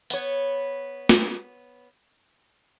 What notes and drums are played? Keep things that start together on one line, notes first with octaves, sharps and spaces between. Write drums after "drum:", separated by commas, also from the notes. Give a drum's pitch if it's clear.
B3 C#5, drum: open hi-hat
drum: snare